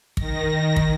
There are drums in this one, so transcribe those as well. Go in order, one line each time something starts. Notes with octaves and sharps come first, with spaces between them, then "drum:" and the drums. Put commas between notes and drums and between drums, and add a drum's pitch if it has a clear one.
D#3 A#6, drum: kick
drum: kick